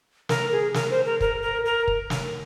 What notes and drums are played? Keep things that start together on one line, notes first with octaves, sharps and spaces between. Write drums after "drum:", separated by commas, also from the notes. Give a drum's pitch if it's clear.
A#4, drum: snare
G#4
A#4, drum: snare
C5
A#4
A#4, drum: kick
A#4
A#4
drum: kick
drum: snare